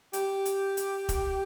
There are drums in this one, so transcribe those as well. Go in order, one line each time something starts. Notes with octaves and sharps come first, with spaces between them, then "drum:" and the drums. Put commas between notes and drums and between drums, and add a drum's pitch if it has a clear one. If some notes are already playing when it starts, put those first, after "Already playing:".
G4, drum: hi-hat
drum: hi-hat
drum: hi-hat
drum: kick E1, hi-hat